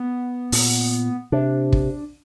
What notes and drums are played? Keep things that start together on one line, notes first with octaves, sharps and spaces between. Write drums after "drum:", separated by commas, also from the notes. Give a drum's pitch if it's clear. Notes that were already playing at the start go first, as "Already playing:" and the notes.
Already playing: B3
A#2, drum: open hi-hat
C3 D4
drum: kick